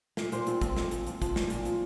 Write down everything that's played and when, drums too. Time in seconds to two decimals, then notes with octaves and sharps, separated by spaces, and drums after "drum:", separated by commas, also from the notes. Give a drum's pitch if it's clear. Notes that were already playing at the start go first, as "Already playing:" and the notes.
0.17 A#2, drum: snare
0.32 A#2 C5, drum: hi-hat
0.47 F3 C4, drum: hi-hat
0.61 F3 C4, drum: kick, hi-hat
0.77 A#2, drum: snare
0.91 A#2, drum: hi-hat
1.07 F3, drum: hi-hat
1.22 F3, drum: kick, hi-hat
1.36 A#2, drum: snare
1.50 A#2, drum: hi-hat
1.65 F3, drum: hi-hat